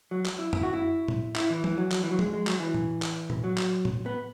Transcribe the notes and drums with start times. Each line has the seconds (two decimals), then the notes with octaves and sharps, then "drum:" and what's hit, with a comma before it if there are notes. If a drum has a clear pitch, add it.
0.11 F#3
0.25 drum: clap
0.39 E4
0.53 E4, drum: tom F#2
0.63 F#4
0.73 E4
1.08 drum: tom A2
1.35 E4, drum: clap
1.50 E3
1.64 E3, drum: tom F3
1.78 F#3
1.91 drum: clap
2.04 E3
2.11 F#3
2.19 G#3, drum: tom F3
2.34 G#3
2.47 F#3, drum: clap
2.60 E3
2.74 drum: tom A2
3.02 drum: clap
3.30 drum: tom A2
3.44 F#3
3.57 drum: clap
3.85 drum: tom A2
4.06 B3